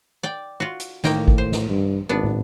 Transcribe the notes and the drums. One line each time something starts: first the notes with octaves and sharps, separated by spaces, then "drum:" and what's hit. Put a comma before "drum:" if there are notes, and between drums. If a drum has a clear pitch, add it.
D5 G5
F4 F#4
drum: hi-hat
A2 D#3 A#3 G5, drum: snare
drum: kick G#1
C5
drum: snare
G2
G#1 B3 D4
drum: tom